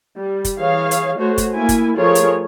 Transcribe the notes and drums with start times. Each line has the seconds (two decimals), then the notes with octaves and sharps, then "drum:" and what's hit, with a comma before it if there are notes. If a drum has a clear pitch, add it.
0.17 G3
0.45 drum: kick, hi-hat
0.58 E3 G#4 C#5 F5
0.91 drum: hi-hat
1.17 A3 F#4 C5 C#5
1.38 drum: kick, hi-hat
1.53 A#3 E4 G#5
1.69 drum: kick, hi-hat
1.95 F3 A3 F4 G#4 A#4 C#5
2.15 drum: hi-hat